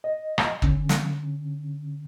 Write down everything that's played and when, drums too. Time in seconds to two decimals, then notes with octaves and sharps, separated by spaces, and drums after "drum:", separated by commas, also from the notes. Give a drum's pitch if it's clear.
0.04 D#5
0.38 drum: rim click
0.62 D3 C#4, drum: kick
0.89 drum: snare